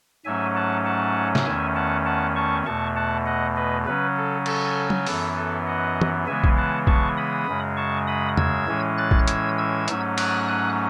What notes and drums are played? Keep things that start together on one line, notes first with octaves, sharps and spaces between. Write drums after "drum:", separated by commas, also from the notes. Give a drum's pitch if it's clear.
G#2 F#3 A3 C#4 E5 G#5
F#5 A5
F#5 A5
drum: snare
E2 D#3 A3 C#4 E5 G#5
F#5 A5
F#5 A5
A5 C#6
E2 B2 A3 A5 C#6
F#5 A5
D#5 F#5
B4 D#5
C#3 F#3 C#4 B4
A4
A4, drum: cymbal
drum: tom F#3
F#2 E3 B3 A4, drum: open hi-hat
A4
D#5 F#5
drum: tom
C#3 E3 G#3 B3 E5 G#5
drum: kick A#1
F#5 A5
A5 C#6, drum: kick A#1
B5 D#6
F#2 C#3 G#3
A5 C#6
B5 D#6
E6 G#6, drum: tom E2
A2 E3 G#3 C#4
F#6 A6
drum: kick A#1
E6 G#6, drum: hi-hat
E6 G#6
G#2 F#3 A3 C#4, drum: hi-hat
D#6 F#6, drum: cymbal
D#6 F#6